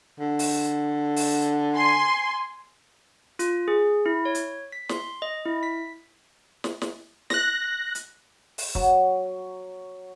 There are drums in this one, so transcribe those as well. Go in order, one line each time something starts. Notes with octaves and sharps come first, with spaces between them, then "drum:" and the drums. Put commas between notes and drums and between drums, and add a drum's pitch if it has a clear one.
D3
drum: open hi-hat
drum: open hi-hat
G#5 C6
F4, drum: hi-hat
G#4
E4
C#5
drum: hi-hat
B6
C6, drum: snare
D#5
E4
B6
drum: snare
drum: snare
F#6 A#6, drum: snare
drum: hi-hat
drum: open hi-hat
F#3, drum: kick